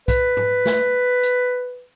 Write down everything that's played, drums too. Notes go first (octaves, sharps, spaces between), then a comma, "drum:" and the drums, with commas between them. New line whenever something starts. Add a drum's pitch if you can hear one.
B4, drum: kick B1, hi-hat
drum: tom G#2
drum: snare
drum: hi-hat